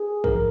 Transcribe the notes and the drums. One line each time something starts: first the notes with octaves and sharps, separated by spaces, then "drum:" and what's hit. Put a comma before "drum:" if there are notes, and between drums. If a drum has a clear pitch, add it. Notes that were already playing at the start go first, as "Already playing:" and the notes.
Already playing: G#4
G#2 F3 A#4, drum: kick